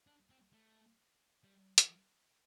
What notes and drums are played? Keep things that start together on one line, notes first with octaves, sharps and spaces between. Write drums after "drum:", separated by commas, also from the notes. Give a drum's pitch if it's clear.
D4
C4
A3
G3
F3, drum: hi-hat